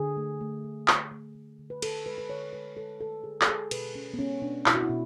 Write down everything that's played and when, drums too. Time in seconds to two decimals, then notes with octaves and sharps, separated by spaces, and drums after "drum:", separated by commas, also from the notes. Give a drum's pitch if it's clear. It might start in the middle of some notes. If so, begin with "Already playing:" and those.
Already playing: D3 G#4
0.17 A3
0.41 A3
0.64 D3
0.88 A3, drum: clap
1.12 A3
1.35 A3
1.59 D3
1.70 B4
1.82 D3 A4, drum: cymbal
2.06 G#3 B4
2.18 B4
2.29 D3 C#5
2.53 G#3 B4
2.77 G#3 A4
3.00 D3 A4
3.24 D3 G#4
3.41 A4, drum: clap
3.48 G#3 G#4
3.71 B2 B4, drum: cymbal
3.95 B2 C#4
4.14 B3
4.19 G#3 C#4
4.42 B2 D4
4.66 B2 E4, drum: clap
4.74 F#4
4.83 E4
4.90 B2